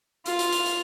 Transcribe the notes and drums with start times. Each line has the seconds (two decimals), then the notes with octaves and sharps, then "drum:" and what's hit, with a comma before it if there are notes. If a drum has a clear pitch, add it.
0.26 F4, drum: hi-hat
0.39 drum: hi-hat
0.52 drum: hi-hat
0.66 drum: hi-hat